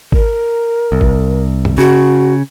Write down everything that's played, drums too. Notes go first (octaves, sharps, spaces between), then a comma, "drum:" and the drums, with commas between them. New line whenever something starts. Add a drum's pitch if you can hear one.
A#4, drum: kick G#1
C2
drum: kick G#1
drum: tom
C#3 F#4